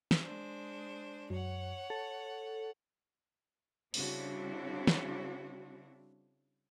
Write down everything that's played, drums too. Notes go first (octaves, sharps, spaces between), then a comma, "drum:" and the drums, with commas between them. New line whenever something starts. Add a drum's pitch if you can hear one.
drum: snare
G#3 D4 C5
F#2 C#5 F#5
A4
C#3 G3 C4 D4 E4 F#4, drum: open hi-hat
drum: snare